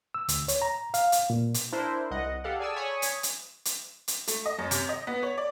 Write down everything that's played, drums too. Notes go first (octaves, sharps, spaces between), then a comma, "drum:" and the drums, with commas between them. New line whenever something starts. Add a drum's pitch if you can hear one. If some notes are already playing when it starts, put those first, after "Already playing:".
E6
D2, drum: hi-hat
C#5, drum: hi-hat
A#5
F5, drum: hi-hat
drum: hi-hat
A#2
drum: hi-hat
D4 E4 A#4 C5
C2 D#5 F#5
G4 A4 F5 F#5
G#4 D5 G#5 A5 E6
C#5 G#5 B5 C#6 D#6
drum: hi-hat
drum: hi-hat
drum: hi-hat
drum: hi-hat
A3, drum: hi-hat
D#5
F#2
C3, drum: hi-hat
D#5
B3
C#5
D5